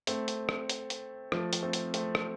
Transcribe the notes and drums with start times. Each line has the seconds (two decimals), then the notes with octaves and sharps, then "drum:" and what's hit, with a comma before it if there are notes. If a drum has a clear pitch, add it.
0.07 A3 C4, drum: hi-hat
0.28 drum: hi-hat
0.49 drum: rim click
0.69 drum: hi-hat
0.90 drum: hi-hat
1.32 F3 A3, drum: rim click
1.53 drum: hi-hat
1.62 A3 C4
1.73 drum: hi-hat
1.94 A3 C4, drum: hi-hat
2.15 drum: rim click